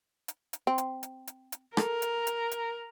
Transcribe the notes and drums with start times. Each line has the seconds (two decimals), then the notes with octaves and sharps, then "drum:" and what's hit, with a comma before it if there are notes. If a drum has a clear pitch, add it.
0.28 drum: hi-hat
0.53 drum: hi-hat
0.67 C4
0.78 drum: hi-hat
1.03 drum: hi-hat
1.27 drum: hi-hat
1.52 drum: hi-hat
1.77 A4 A#4, drum: rim click
2.02 drum: hi-hat
2.27 drum: hi-hat
2.51 drum: hi-hat